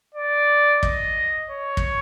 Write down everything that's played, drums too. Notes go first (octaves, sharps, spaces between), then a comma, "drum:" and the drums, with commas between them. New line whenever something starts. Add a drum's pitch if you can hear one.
D5
D#5, drum: kick
C#5
drum: kick